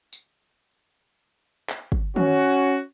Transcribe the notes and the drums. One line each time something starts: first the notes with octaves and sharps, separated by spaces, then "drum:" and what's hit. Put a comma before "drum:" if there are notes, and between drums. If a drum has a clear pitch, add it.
drum: tambourine
drum: clap
drum: kick
C#4 F#4, drum: tom D#3